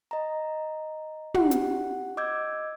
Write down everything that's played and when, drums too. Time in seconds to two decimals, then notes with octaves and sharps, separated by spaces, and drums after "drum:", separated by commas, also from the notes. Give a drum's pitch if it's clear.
0.11 D#5 A#5
1.34 G4 F#5, drum: tom
1.51 drum: hi-hat
2.17 D#5 D6 E6 G6 G#6